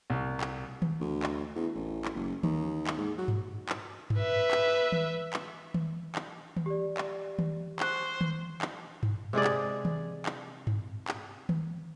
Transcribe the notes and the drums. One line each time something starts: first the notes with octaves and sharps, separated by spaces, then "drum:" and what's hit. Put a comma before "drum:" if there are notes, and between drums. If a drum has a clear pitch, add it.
C2
drum: clap
drum: tom D#3
D2
drum: clap
E2
A1
drum: clap
F#1
D#2, drum: tom D#3
drum: clap
G#2
F#3
drum: tom G2
drum: clap
drum: tom G2
B4 E5
drum: clap
drum: tom D#3
drum: clap
drum: tom D#3
drum: clap
drum: tom D#3
G4 D5
drum: clap
drum: tom D#3
C5 C#6 F#6, drum: clap
drum: tom D#3
drum: clap
drum: tom G2
C3 G#3 G#4 D5
drum: clap
drum: tom D#3
drum: clap
drum: tom G2
drum: clap
drum: tom D#3